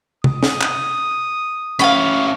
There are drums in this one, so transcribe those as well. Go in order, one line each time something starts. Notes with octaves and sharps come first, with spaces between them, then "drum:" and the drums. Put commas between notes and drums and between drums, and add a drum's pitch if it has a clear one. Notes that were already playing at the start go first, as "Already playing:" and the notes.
D#6, drum: tom
drum: snare
drum: clap
C#4 E4 F5 G5 B5 C#6, drum: hi-hat